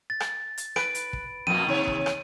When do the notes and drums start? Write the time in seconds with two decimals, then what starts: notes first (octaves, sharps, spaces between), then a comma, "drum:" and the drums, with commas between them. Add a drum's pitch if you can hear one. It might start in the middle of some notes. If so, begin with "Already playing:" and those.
0.10 A6
0.20 drum: rim click
0.58 drum: hi-hat
0.76 B4 D7, drum: rim click
0.95 drum: hi-hat
1.13 drum: kick
1.47 F2 B2 A#3 D#7
1.67 D#2 C3 C#5
1.87 drum: kick
2.06 drum: rim click